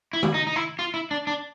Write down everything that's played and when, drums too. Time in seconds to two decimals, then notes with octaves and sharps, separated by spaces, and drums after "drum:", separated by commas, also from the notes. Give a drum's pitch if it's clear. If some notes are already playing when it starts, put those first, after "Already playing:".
0.13 E4
0.23 drum: tom D#3
0.34 D#4
0.47 D#4
0.56 E4
0.79 F4
0.94 E4
1.11 D4
1.27 D4